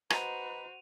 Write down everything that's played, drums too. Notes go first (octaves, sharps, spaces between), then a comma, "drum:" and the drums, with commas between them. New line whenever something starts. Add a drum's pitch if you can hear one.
F#4 B4 C5 D#5 A#5 D#7 F7, drum: rim click